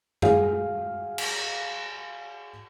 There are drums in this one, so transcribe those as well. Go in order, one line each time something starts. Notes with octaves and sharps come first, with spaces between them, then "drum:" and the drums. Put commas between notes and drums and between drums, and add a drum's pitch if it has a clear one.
F#4 G#4 F5, drum: tom F#2
drum: cymbal